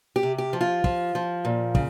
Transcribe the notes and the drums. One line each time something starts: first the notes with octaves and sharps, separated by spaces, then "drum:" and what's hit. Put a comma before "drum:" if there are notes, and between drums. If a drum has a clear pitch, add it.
G4
C3
G4
F3
F4
F3, drum: kick
F3
A#2
C#3, drum: kick